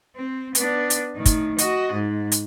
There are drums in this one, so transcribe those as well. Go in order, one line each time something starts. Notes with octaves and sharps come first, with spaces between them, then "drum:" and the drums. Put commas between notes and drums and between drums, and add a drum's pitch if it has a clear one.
C4
B3 D4, drum: hi-hat
drum: hi-hat
A2 D#3
drum: kick, hi-hat
F#4 D#5, drum: hi-hat
G#2
drum: hi-hat